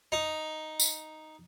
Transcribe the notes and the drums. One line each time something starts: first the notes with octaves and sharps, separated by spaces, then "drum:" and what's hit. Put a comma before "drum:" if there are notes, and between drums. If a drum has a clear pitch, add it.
D#4
drum: tambourine